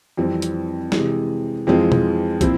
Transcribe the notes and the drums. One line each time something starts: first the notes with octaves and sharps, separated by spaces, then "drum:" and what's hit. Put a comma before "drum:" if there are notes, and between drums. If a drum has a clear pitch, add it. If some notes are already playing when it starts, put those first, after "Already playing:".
F2 E3 G3 C4
drum: hi-hat
C3 E3 G#3, drum: snare
F2 E3 G#3 C4 F4
drum: tom B2
A#2 F3 C4 E4, drum: kick, hi-hat